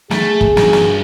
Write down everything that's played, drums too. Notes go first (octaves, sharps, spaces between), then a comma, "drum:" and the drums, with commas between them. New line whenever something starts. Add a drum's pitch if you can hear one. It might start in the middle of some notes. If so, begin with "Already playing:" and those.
A3 G#4, drum: snare
drum: kick
G2 B2, drum: snare
drum: snare